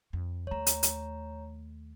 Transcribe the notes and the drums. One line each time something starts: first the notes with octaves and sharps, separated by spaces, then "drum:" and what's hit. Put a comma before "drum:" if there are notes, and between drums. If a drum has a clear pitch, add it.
F2
D#2 A3 C#5 A#5
drum: hi-hat
drum: hi-hat